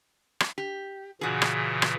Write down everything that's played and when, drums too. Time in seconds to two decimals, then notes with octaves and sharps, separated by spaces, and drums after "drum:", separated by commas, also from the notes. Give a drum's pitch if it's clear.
0.40 drum: rim click
0.58 G4
1.21 A#2 C#3 E3 F#4 G#4
1.42 drum: rim click
1.82 drum: rim click